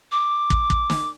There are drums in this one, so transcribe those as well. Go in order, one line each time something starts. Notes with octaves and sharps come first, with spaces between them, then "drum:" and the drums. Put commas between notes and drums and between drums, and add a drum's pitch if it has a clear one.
D6
drum: kick
drum: kick
drum: snare